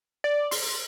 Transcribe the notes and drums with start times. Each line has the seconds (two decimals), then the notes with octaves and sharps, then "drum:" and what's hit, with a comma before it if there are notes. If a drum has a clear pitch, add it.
0.24 D5
0.51 C6, drum: open hi-hat